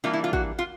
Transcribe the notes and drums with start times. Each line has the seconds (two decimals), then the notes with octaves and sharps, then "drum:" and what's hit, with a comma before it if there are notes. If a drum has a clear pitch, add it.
0.04 E3 G3 A#3 D4 F4
0.13 E4
0.24 F4
0.33 F#4, drum: kick A1
0.59 F4